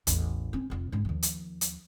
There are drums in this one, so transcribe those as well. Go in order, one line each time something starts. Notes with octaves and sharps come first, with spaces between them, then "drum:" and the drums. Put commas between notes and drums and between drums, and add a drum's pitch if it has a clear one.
A1 E2, drum: hi-hat
C4 C#4
F1 F4
G#2 C#4
D#2 F3
drum: hi-hat
drum: hi-hat